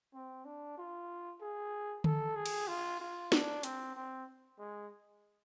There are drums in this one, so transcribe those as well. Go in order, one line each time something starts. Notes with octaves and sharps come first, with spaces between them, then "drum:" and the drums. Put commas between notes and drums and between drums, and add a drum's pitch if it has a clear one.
C4
D4
F4
G#4
A4, drum: tom D3
G#4
drum: cymbal
F4
F4
D4, drum: snare
C4, drum: hi-hat
C4
G#3